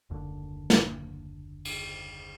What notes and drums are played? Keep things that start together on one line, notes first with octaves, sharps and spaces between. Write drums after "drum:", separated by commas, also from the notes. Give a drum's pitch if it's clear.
F#1 D#2 D3
drum: snare
drum: cymbal